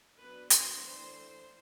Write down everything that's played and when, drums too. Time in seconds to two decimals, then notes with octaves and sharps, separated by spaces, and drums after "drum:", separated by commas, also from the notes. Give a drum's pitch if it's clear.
0.19 F#3 B3 D4 B4
0.50 C5, drum: hi-hat
0.81 E3 A3 D4 C5